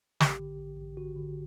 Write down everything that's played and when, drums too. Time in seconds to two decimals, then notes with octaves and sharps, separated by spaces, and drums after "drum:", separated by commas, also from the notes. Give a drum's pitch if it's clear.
0.20 A1 G4, drum: snare
0.40 D3
0.59 A1
0.77 A1
0.97 D3 F#4
1.16 D3